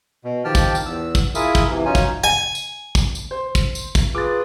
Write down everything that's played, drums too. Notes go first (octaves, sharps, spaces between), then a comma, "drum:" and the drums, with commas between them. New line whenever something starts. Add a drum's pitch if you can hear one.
B2
D#3 F3 G4 G5 A5 F6
drum: kick, tambourine
drum: tambourine
E2 E6
drum: kick, tambourine
E4 F4 G#4 A#4 E5 D#6, drum: tambourine
drum: kick, tambourine
C3 E3
F#2 C#4 D#4 F4 G#5
drum: kick, tambourine
G#5
drum: tambourine
drum: kick, tambourine
drum: tambourine
C5
drum: kick, tambourine
drum: tambourine
drum: kick, tambourine
F4 G#4 B4 D6 A6